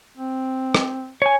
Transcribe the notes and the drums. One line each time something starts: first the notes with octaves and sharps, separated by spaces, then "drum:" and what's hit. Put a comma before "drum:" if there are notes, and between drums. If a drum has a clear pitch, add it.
C4
drum: rim click
C#5 G#5